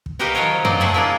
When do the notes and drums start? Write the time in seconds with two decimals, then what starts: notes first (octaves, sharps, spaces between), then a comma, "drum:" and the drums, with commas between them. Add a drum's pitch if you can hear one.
0.06 drum: kick
0.19 F#4 G4 A#4 B4 D#5 F5
0.35 D#3 F3 F#3 F4 A#4 C#5
0.65 F#3 A#3 C4 F4 D5 D#5, drum: tom
0.80 C3 A3 E4 G#4 A4 A5
0.94 A#3 D4 E4 F4 G#4